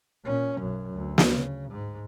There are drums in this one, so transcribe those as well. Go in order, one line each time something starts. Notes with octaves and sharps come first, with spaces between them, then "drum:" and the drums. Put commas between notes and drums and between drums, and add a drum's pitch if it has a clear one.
A#2 C#4
B1 F#2
D2
drum: snare
C#3
G#2